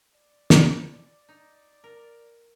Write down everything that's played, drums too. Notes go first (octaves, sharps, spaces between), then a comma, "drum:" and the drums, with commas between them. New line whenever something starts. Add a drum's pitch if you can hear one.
D5
drum: snare
D#4
A#4